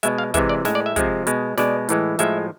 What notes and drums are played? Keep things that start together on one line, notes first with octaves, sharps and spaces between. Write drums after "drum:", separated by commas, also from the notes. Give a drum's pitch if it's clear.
B2 G#3 E5, drum: hi-hat
F5
C3 E3 G#3 E5, drum: kick, hi-hat
D5
A2 G#3 E5, drum: snare
D5
E5
C3 F3 G#3, drum: kick, hi-hat
B2 G#3, drum: hi-hat
B2 G#3 D5, drum: snare
A2 E3 G#3, drum: hi-hat
A2 F3 G#3 E5, drum: hi-hat